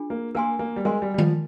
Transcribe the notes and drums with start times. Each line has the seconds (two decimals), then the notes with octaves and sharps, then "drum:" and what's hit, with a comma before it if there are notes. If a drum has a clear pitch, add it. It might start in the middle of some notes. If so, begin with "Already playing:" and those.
Already playing: D4 F4 G#4
0.10 A#3
0.35 A#3 A#4 F5 G#5 C6
0.59 A#3
0.76 G3
0.85 G#3 A#4 F5 G#5 C6
1.02 G3
1.14 G3
1.18 F3, drum: tom D#3